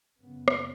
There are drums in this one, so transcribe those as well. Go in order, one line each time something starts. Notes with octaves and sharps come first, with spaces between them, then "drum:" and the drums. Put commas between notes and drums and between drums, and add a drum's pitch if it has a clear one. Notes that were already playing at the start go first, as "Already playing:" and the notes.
F#2 C#3 B3
drum: rim click